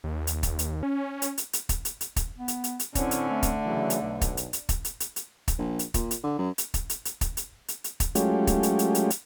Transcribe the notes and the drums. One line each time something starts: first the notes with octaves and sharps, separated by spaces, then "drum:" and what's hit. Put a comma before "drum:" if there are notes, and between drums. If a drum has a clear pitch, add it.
D#2
drum: hi-hat
drum: kick, hi-hat
drum: hi-hat
C#4
drum: hi-hat
drum: hi-hat
drum: hi-hat
drum: kick, hi-hat
drum: hi-hat
drum: hi-hat
drum: kick, hi-hat
B3
drum: hi-hat
drum: hi-hat
drum: hi-hat
A2 D3 C4 C#4, drum: kick, hi-hat
drum: hi-hat
A3
drum: kick, hi-hat
C#3 E3 F#3
drum: hi-hat
B1
drum: kick, hi-hat
drum: hi-hat
drum: hi-hat
drum: kick, hi-hat
drum: hi-hat
drum: hi-hat
drum: hi-hat
drum: kick, hi-hat
A#1
drum: hi-hat
A#2, drum: kick, hi-hat
drum: hi-hat
D3
F#2
drum: hi-hat
drum: kick, hi-hat
drum: hi-hat
drum: hi-hat
drum: kick, hi-hat
drum: hi-hat
drum: hi-hat
drum: hi-hat
drum: kick, hi-hat
F#3 G#3 A3 C#4 F4 G4, drum: hi-hat
drum: kick, hi-hat
drum: hi-hat
drum: hi-hat
drum: hi-hat
drum: hi-hat